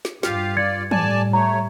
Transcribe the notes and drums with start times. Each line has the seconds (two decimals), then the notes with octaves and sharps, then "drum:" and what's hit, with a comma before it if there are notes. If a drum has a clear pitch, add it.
0.05 drum: snare
0.23 G2 F4 G4 F5, drum: snare
0.57 F4 D5 G#6 A6 C#7
0.91 A2 G3 D5 G#5 A5, drum: tom
1.33 A3 C#5 A#5